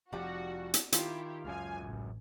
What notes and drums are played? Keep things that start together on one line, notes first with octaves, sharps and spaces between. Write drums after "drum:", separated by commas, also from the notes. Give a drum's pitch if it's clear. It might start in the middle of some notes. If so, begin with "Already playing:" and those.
F1 F3 G3 F#4
drum: hi-hat
D#3 E4 F4 G4, drum: hi-hat
C#2 F#2 F5 G#5
A1